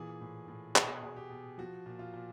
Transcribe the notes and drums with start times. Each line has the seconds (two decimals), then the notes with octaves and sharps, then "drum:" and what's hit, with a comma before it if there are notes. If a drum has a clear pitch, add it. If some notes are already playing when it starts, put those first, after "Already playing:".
Already playing: A#2 E3 G#4
0.21 A2
0.48 A2
0.76 B2 G#4, drum: clap
1.03 B2
1.16 G4
1.30 B2
1.58 F3 F#4
1.86 A#2
1.99 F4
2.14 A#2